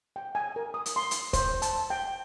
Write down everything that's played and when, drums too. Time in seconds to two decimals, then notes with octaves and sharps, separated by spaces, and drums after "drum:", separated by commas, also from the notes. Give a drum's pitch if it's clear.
0.16 G5
0.35 G#5
0.56 A#4
0.74 D#6
0.86 drum: hi-hat
0.96 C6
1.11 drum: hi-hat
1.33 C5, drum: kick, hi-hat
1.62 A5, drum: hi-hat
1.90 G5